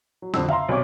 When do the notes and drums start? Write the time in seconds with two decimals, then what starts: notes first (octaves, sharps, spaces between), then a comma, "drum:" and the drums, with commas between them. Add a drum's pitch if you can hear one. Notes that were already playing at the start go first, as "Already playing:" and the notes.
0.22 F#3
0.34 F2 D3 E6, drum: snare
0.49 E5 F5 A#5 C6, drum: tom C#3
0.68 B1 C3 C#5 D6